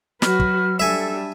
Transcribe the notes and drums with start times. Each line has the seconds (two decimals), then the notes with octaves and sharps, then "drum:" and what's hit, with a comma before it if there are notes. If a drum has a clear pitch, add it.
0.22 F#3 F#4 B4 F6, drum: snare
0.40 drum: kick
0.80 G3 D4 A4 E5 G#5